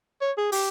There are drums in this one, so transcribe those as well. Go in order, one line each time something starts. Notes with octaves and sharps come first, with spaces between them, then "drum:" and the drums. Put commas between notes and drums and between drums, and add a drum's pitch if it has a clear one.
C#5
G#4
G4, drum: open hi-hat